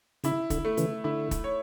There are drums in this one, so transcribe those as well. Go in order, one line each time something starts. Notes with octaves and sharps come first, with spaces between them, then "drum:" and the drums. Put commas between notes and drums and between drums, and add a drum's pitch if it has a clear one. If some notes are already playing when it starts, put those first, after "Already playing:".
C#3 E4, drum: hi-hat
D3, drum: kick, hi-hat
A3
C#3 E3, drum: hi-hat
D3 E4
drum: kick, hi-hat
C#5